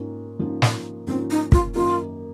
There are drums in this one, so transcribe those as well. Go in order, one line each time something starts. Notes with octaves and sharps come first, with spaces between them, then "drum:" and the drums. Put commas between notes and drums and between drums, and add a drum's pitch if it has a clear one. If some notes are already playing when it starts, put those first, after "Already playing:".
Already playing: G#2 A#3 C#4 F4
G#2 F3 A#3 C#4 F4
drum: snare
G#2 F3 A#3 C4 C#4 F4
D#4
F4, drum: kick
F#2 D#3 A#3 D#4 F4